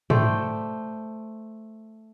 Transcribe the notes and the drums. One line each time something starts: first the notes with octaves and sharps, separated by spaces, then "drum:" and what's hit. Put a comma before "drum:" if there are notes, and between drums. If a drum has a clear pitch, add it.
A3 C5 D5 G5, drum: tom